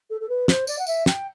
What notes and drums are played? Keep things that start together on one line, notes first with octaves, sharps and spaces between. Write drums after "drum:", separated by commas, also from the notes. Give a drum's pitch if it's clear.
A4
A4
B4
C5, drum: snare
D5, drum: tambourine
F#5
E5, drum: tambourine
G5, drum: snare